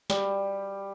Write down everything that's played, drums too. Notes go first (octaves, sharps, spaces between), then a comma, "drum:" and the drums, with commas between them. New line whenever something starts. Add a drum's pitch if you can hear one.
G3, drum: snare